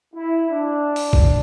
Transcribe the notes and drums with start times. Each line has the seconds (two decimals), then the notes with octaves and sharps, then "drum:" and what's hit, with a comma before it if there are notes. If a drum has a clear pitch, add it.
0.14 E4
0.49 D4
0.96 drum: open hi-hat
1.13 drum: kick A1